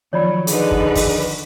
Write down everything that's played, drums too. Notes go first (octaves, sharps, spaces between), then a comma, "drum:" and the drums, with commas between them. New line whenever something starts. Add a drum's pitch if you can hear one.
D#3 F3 F#3 C#5 D5 B5
D3 D#4 G#4 B4, drum: hi-hat
drum: kick
drum: kick, open hi-hat